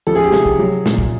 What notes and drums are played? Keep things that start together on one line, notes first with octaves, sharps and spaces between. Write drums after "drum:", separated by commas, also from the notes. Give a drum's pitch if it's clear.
F3 A4
G#4
G4
C3 G#4, drum: snare
drum: kick
F#3
A#2, drum: snare
drum: kick